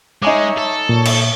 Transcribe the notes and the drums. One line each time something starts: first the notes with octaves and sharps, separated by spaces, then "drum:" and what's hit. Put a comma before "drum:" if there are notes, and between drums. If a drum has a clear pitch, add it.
G#3 D#4 C#5 E5 G#5 D6
A4
A#2 C#5
drum: cymbal